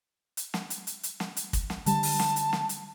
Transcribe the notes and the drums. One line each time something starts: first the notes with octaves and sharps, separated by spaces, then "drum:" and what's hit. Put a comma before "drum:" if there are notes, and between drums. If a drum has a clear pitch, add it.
drum: hi-hat
drum: snare
drum: hi-hat
drum: hi-hat
drum: hi-hat
drum: snare
drum: hi-hat
drum: kick, hi-hat
drum: snare
D3 G3 A5, drum: hi-hat
drum: open hi-hat
drum: snare
drum: hi-hat
drum: snare
drum: hi-hat